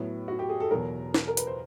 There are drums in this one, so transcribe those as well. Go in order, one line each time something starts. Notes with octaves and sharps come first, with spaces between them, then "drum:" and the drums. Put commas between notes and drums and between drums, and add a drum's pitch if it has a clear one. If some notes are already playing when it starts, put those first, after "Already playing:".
Already playing: A2 F#3 B3
F#4
G4
G#4
A4
E2 B2 F#3 A#4
drum: snare
A#4
B4, drum: hi-hat
C5